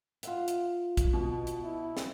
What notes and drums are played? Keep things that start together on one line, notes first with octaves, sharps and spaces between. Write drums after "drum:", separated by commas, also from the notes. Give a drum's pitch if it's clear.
F4 E5 F#5, drum: hi-hat
drum: hi-hat
drum: kick A#1, hi-hat
B2
drum: hi-hat
E4
drum: snare